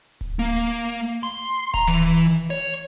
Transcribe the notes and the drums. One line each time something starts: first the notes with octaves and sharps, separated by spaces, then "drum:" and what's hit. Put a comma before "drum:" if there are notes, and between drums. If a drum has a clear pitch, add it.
drum: kick D1, hi-hat
A#3
drum: hi-hat
C6, drum: hi-hat
A#5, drum: kick D1, open hi-hat
E3
drum: hi-hat
C#5